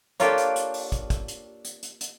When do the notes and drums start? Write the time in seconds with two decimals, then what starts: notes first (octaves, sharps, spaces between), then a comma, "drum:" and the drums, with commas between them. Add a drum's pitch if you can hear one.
0.20 A#3 D4 F4 G4 A4 C#5, drum: hi-hat
0.38 drum: hi-hat
0.56 drum: hi-hat
0.74 drum: open hi-hat
0.92 drum: kick, hi-hat
1.10 drum: kick, hi-hat
1.28 drum: hi-hat
1.65 drum: hi-hat
1.83 drum: hi-hat
2.01 drum: hi-hat